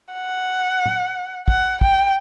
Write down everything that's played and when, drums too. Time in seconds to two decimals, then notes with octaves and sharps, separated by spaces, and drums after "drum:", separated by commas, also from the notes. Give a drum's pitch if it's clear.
0.14 F#5
0.86 drum: tom
1.48 F#5, drum: kick
1.81 G5, drum: kick